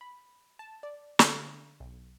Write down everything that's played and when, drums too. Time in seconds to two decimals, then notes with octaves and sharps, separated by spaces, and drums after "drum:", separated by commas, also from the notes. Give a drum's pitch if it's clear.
0.01 B5
0.59 A5
0.83 D5
1.19 D3, drum: snare
1.80 B1